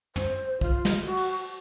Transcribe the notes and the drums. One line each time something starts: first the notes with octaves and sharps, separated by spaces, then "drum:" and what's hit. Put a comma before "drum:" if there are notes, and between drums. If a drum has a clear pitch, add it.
C5, drum: tom
F4, drum: kick
drum: snare
F#4
drum: cymbal